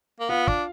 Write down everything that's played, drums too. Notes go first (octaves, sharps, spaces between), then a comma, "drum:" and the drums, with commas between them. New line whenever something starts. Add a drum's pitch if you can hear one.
A#3
B3 F4 F5
D4, drum: kick